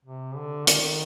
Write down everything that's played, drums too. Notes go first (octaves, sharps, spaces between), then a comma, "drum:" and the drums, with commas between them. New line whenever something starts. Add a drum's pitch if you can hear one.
C3
D3
D#3, drum: hi-hat